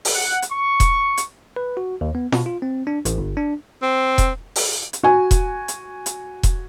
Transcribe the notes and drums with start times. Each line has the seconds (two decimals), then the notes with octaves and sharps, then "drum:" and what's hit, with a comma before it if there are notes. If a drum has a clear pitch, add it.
0.05 drum: open hi-hat
0.15 F#5
0.42 drum: hi-hat
0.51 C#6
0.80 drum: kick E1, hi-hat
1.17 drum: hi-hat
1.56 B4
1.77 F#4
2.01 D#2
2.15 B3
2.32 B2, drum: snare F4
2.46 F4
2.62 C4
2.87 D4
3.05 A1, drum: hi-hat
3.18 G1
3.37 D4
3.83 C4
4.18 drum: kick E1, hi-hat
4.56 drum: open hi-hat
4.93 drum: hi-hat
5.03 F#4 G#5
5.31 drum: kick E1, hi-hat
5.68 drum: hi-hat
6.06 drum: hi-hat
6.43 drum: kick E1, hi-hat